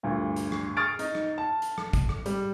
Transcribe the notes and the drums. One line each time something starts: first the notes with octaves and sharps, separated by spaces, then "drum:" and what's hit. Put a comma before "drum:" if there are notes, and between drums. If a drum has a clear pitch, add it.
D2 G2 A#2
drum: hi-hat
drum: rim click
C#6 D#6 F6 A6 D7
D#4, drum: hi-hat
drum: rim click
A5
drum: hi-hat
drum: rim click
drum: kick G#1, hi-hat
drum: rim click
G3, drum: hi-hat